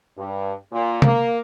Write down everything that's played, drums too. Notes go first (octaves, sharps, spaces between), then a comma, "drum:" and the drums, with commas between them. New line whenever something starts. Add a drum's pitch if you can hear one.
G2
A#2
A#3, drum: tom